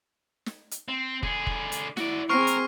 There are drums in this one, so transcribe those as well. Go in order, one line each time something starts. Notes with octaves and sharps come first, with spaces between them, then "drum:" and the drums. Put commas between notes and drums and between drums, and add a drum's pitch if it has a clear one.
drum: snare
drum: hi-hat
C4
D3 G#4, drum: kick F1
drum: kick F1
drum: hi-hat
E4 F#4 D5, drum: snare
C4 G#4 A#4 C#6 F6 C7
drum: hi-hat